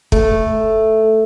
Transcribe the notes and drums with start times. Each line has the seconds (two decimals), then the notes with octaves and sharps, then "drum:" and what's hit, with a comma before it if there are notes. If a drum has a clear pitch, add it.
0.12 A3, drum: kick